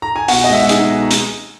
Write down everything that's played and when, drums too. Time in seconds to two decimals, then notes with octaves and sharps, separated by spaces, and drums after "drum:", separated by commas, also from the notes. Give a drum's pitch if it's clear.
0.02 A#5
0.16 G#5
0.28 B2 F#4 F#5, drum: open hi-hat
0.44 D#5
0.49 G#3 E5
0.61 F#5
0.69 D#4 G#4 G#5, drum: hi-hat
0.90 B2
1.01 A#5
1.11 drum: hi-hat